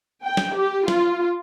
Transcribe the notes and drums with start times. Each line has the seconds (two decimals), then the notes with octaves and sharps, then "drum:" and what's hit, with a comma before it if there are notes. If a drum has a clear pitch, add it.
0.24 G5
0.37 drum: snare
0.57 G4
0.88 F4, drum: snare